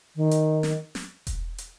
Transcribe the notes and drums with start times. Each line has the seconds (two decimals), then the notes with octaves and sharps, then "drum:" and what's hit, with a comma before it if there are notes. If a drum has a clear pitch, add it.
0.16 D#3
0.31 drum: hi-hat
0.63 drum: snare
0.95 drum: snare
1.27 drum: kick E1, hi-hat
1.58 drum: hi-hat